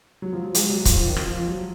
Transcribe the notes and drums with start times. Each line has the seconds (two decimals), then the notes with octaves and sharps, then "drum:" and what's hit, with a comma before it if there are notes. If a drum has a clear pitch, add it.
0.22 F#3
0.33 F3
0.43 F#3
0.55 G#3, drum: hi-hat
0.69 F#3
0.85 F3, drum: kick C#1, hi-hat
0.96 F3
1.06 D#3
1.16 F3, drum: rim click
1.27 F3
1.38 F3
1.48 F#3